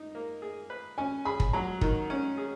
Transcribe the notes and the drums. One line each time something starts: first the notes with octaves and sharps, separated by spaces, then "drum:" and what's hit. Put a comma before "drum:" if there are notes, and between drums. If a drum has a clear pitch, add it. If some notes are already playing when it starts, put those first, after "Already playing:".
Already playing: D#4
A#3
G#4
B4
C#4 G#5
G#4 B5
drum: kick
F#3 A#5
D#3, drum: kick
C#4
G#4